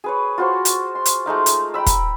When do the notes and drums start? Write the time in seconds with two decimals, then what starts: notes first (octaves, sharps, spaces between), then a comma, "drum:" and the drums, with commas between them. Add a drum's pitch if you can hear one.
0.04 G#4 B4 C#5
0.38 F4 F#4 C5
0.65 drum: hi-hat
0.95 C6
1.06 drum: hi-hat
1.26 G#3 A3 D#4 F5
1.46 drum: hi-hat
1.74 G5 A#5 B5 E6
1.86 drum: kick, hi-hat